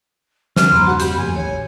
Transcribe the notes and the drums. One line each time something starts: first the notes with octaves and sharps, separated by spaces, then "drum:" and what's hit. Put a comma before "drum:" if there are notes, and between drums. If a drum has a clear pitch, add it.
D3 F6, drum: snare
E2 G2 C#3 A#3 B5 C6
F#4 F#5
G4 B5, drum: hi-hat
F2 A2 G#5
A1 D#2 C#5